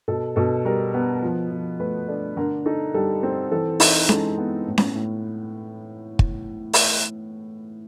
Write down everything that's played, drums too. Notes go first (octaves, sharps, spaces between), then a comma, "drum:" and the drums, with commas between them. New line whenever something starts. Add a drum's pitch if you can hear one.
B2 A4
B2 A4
G3 A#4
B3
F3
F3
A3 B4
D4 A4
D3 A#4
D#4 A4
G3 A4
C4
E3 A4
D#4, drum: open hi-hat
G#3 A4, drum: snare C#4
B3
A2
drum: snare C#4
A2
drum: kick
drum: open hi-hat